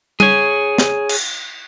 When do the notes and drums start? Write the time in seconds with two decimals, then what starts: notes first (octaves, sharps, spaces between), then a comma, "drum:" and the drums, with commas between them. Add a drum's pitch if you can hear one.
0.20 G#4 C#5, drum: tom G3
0.78 drum: snare
1.09 drum: cymbal